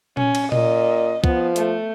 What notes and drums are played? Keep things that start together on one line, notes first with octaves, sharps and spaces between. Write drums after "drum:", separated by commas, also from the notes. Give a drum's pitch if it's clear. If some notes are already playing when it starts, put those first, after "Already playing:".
C#4, drum: tom A#2
drum: cymbal
A#2 D#5, drum: tom A#2
F3 B3, drum: kick
A3, drum: hi-hat